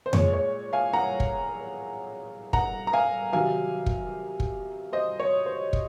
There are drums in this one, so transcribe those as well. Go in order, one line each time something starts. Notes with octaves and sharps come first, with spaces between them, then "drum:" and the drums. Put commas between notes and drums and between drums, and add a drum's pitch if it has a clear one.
C5
A#2 G#3 C#5, drum: tom F2
C#5
F5 G#5
F#5 A#5
drum: kick
F#5 A#5, drum: kick
A#5
F5 G#5
C3 D#3 F#3 F5 G#5
drum: kick
drum: kick
C5 D#5
C#5
C5
drum: kick